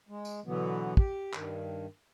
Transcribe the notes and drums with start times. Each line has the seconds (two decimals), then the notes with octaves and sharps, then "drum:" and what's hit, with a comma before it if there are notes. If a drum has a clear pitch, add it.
0.09 G#3
0.25 drum: tambourine
0.45 B2 D3 E3 F#3 B3
0.97 G4, drum: kick
1.33 G2 D#3, drum: clap